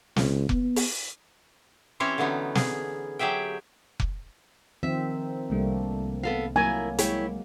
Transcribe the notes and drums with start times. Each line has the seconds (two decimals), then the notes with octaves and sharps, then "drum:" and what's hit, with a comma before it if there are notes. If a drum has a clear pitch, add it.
0.16 C#2, drum: snare
0.49 B3, drum: kick F1
0.76 drum: open hi-hat
2.00 E3 C4 C#4 G4 C5 C#5
2.18 D3 E3 F#3 B3 C#4 D#4
2.55 G#4, drum: snare
3.19 F#3 G4 G#4 E5 G5
4.00 drum: kick F1
4.83 D#3 F3 C4 E5
5.50 C2 C3 G3 A3 A#3 D4
6.23 B3 A4 F5
6.56 F#3 A#3 E4 A#4 G#5
6.98 G#3 E4 C#5 G5, drum: hi-hat